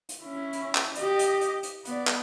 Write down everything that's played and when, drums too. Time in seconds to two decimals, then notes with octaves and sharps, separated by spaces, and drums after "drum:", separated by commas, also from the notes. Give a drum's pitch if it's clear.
0.09 drum: hi-hat
0.24 C#4 E4
0.53 drum: hi-hat
0.75 drum: clap
0.95 G4 D#5, drum: hi-hat
1.19 drum: hi-hat
1.41 drum: hi-hat
1.63 drum: hi-hat
1.85 B3 D5, drum: hi-hat
2.07 drum: clap